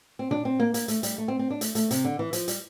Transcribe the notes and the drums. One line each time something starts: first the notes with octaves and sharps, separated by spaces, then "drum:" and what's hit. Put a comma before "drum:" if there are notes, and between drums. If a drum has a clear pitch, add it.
C4
D4, drum: tom A#2
C4
A#3
A#3, drum: hi-hat
A3, drum: hi-hat
G3, drum: hi-hat
A3
C4
C4
D4
A3, drum: hi-hat
A3, drum: hi-hat
C3, drum: hi-hat
D3
E3
F3, drum: hi-hat
G3, drum: hi-hat